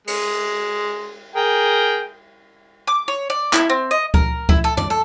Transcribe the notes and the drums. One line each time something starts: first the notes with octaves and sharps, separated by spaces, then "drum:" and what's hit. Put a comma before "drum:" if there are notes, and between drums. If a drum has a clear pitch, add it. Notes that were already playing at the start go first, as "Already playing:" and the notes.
G#3, drum: cymbal
G#4 A#4 G5
D6
C#5
D5
E4, drum: clap
C4
D#5
A#4, drum: kick C#2
E4, drum: kick C#2
A4
D5, drum: tom
A4